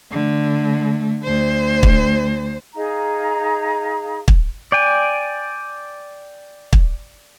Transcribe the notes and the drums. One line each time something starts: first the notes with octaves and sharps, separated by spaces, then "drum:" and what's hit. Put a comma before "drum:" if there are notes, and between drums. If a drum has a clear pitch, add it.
D3 A3
D2 C5
drum: kick
D#4 G#4 F5 A#5
drum: kick
D5 G5 G#5
drum: kick